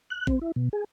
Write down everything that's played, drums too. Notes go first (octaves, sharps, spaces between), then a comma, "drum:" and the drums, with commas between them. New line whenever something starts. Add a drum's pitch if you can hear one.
F#6
C4, drum: kick A1
E4
B2
G#4